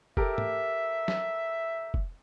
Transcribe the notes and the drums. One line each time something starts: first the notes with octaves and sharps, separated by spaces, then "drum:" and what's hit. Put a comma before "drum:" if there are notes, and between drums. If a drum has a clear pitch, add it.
G4 A4 A#4 E5, drum: kick
drum: tom G#2
drum: snare
drum: kick